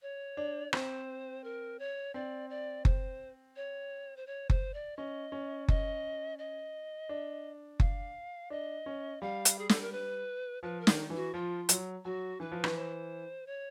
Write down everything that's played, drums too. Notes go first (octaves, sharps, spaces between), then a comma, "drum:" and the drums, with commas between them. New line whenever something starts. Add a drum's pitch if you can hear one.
C#5
D4
C4 C5, drum: rim click
A#4
C#5
C4 D5
D5
C5, drum: kick F#1
C#5
C5
C#5
C5, drum: kick F#1
D5
C#4 D#5
C#4
D#5, drum: kick F#1
D#5
D4
F5, drum: kick F#1
D4 D#5
C#4
G3 F5
drum: hi-hat
G#4
A4, drum: snare
A#4
B4
F3 B4
A#4
D#3, drum: snare
E3
F#4
F3 F4
F#3, drum: hi-hat
F#3 F#4
E3 B4
F3
E3, drum: rim click
C5
C#5